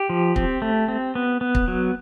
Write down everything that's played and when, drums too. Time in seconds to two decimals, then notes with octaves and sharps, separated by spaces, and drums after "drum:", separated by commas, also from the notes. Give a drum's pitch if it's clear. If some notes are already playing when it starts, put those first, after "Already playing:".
Already playing: G4
0.10 F3
0.36 C4, drum: kick
0.62 A3
0.88 C4
1.15 B3
1.41 B3
1.55 drum: kick
1.68 F#3